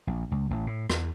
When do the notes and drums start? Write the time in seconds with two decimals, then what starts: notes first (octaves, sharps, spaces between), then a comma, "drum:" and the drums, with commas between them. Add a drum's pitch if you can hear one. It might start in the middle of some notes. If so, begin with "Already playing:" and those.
0.07 A#1
0.32 C#2
0.51 A1
0.67 A2
0.90 E2, drum: rim click